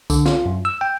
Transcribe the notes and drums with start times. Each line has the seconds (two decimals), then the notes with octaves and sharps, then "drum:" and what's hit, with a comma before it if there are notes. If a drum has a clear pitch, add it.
0.10 D3, drum: kick C2, tambourine
0.26 F4, drum: snare
0.46 F#2
0.65 E6
0.81 G5